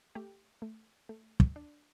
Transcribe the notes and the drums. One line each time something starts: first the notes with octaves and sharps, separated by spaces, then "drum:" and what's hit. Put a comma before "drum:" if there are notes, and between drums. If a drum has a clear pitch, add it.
A3 G4
A3
A3
drum: kick
D4